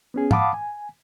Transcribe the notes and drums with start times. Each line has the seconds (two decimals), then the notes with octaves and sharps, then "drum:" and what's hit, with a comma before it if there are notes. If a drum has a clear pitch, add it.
0.14 B3 C#4 G#4
0.31 F5 F#5 A5 B5 D6 D#6, drum: tom G#2
0.54 G#5